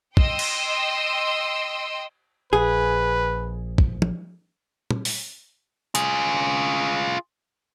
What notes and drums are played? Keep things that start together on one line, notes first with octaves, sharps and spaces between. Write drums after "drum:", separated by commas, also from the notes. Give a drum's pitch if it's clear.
D#5 G5 C6 E6, drum: kick
drum: cymbal
A#1 G#4 B4
drum: kick
drum: tom F3
drum: tom
drum: open hi-hat
F4 G#4, drum: hi-hat